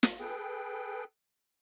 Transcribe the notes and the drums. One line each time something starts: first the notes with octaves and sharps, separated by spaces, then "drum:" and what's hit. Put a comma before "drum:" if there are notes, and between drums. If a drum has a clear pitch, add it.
drum: snare
G#4 A4 B4 G5